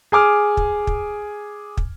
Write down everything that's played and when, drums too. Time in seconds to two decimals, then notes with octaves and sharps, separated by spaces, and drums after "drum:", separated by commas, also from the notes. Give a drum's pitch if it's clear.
0.12 G#4 G#5 D6 F6
0.57 drum: kick
0.87 drum: kick
1.77 drum: kick